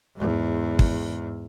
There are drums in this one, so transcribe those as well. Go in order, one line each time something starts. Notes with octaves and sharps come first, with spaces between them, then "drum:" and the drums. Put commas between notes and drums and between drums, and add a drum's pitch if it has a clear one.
E2 G#2
drum: kick